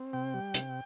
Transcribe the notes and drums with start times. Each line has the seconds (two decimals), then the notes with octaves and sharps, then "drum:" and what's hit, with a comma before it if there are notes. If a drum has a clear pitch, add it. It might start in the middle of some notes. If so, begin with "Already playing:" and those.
Already playing: C4
0.13 C3 G5
0.34 G3
0.54 C3, drum: hi-hat